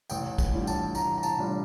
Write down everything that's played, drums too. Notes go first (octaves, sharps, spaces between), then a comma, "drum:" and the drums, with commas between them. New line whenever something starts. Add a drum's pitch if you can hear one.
A1 G5, drum: tambourine
drum: kick, tambourine
A2 G3 D4 F4
G5
A5, drum: tambourine
A1 A#5, drum: tambourine
A#5
A5, drum: tambourine
A2 G3 D4 F4